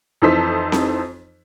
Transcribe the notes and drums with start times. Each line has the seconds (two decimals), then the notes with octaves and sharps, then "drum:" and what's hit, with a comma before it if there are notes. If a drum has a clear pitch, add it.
0.22 F2 E3 D#4 A4 C5 B6
0.72 drum: snare C4